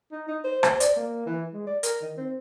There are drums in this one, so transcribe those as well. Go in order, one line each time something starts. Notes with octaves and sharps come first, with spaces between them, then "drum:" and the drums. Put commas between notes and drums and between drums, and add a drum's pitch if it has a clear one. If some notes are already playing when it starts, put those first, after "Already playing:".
D#4
D#4
C5
C5, drum: rim click
D5, drum: hi-hat
A#3
E3
G#3
D5
A#4, drum: hi-hat
D#3
C4